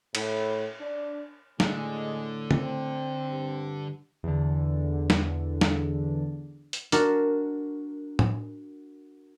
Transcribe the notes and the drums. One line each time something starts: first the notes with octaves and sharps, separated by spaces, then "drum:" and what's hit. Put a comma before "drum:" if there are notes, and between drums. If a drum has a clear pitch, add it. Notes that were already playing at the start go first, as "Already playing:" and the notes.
A2, drum: cymbal
D4
A2 D3 G#3, drum: snare
C4, drum: tom
G2
E2 D3
drum: snare
drum: snare
drum: hi-hat
D4 F#4 A#4, drum: hi-hat
drum: tom